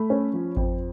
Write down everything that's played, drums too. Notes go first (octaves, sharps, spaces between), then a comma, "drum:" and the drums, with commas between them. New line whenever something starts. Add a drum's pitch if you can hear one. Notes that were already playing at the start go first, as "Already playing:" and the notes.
Already playing: A3 B5
C#4
F3
F2, drum: kick G#1